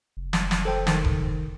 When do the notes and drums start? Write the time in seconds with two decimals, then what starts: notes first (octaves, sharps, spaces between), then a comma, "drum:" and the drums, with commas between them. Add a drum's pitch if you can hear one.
0.17 F1
0.33 drum: snare
0.51 drum: snare
0.65 A4 C5 G5
0.87 D#3, drum: snare
1.04 drum: kick F1